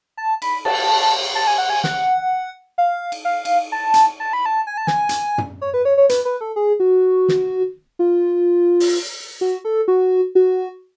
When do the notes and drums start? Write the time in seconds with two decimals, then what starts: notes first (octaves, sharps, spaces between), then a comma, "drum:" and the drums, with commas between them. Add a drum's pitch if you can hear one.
0.17 A5
0.42 B5, drum: cymbal
0.65 A5, drum: cymbal
1.35 A5
1.47 G#5
1.58 F#5
1.70 G#5
1.84 F#5, drum: snare
2.78 F5
3.12 drum: cymbal
3.25 F5
3.45 drum: cymbal
3.72 A5
3.94 drum: hi-hat
4.20 A5
4.33 B5
4.46 A5
4.67 G#5
4.77 A5
4.87 G#5, drum: snare
5.09 drum: hi-hat
5.38 drum: tom
5.62 C#5
5.74 B4
5.85 C#5
5.98 C#5
6.09 B4, drum: hi-hat
6.25 B4
6.41 A4
6.56 G#4
6.80 F#4
7.28 drum: snare
7.99 F4
8.80 drum: open hi-hat
9.41 F#4
9.65 A4
9.88 F#4
10.35 F#4